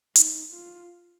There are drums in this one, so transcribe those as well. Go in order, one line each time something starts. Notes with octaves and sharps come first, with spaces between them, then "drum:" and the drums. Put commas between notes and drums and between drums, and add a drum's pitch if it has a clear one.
D#4, drum: hi-hat
F4